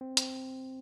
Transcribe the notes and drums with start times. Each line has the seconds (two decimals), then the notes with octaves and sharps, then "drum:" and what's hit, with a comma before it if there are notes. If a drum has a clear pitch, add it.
0.01 C4
0.17 C4, drum: hi-hat